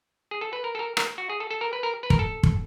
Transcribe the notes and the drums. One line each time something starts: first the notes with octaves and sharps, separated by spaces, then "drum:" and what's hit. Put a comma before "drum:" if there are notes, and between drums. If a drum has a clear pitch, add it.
G#4
A4
B4
A#4
A4
A#4
A#4, drum: rim click
F#4
G#4
A4
A4
A#4
B4
A#4
B4
A#4, drum: kick
A4
drum: kick